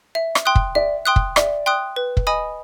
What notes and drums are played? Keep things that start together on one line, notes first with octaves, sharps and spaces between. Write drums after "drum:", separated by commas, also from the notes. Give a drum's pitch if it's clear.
E5
drum: rim click
G5 C6 D#6 F#6
drum: kick
D5 E5
G5 C6 D#6 F#6
drum: kick
D5 E5, drum: rim click
G5 C6 D#6 F#6
B4
drum: kick
D#5 G#5 B5 D#6